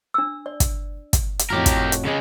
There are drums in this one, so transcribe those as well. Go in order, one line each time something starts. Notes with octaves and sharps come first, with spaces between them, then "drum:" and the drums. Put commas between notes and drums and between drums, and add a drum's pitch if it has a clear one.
D4 E6
D5
drum: kick, hi-hat
drum: kick, hi-hat
drum: hi-hat
F2 A2 F#4 G4 A#4
drum: kick, hi-hat
drum: hi-hat
C#3 G#3